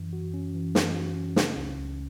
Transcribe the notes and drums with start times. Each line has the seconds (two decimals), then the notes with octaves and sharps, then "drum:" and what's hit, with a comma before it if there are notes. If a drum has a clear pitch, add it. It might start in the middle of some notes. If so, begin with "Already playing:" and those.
Already playing: F#2 E3
0.13 F#4
0.34 C#4
0.55 E3
0.75 F#2, drum: snare
0.96 F#4
1.16 C#4
1.36 C#3, drum: snare
1.57 C#2
1.78 C#2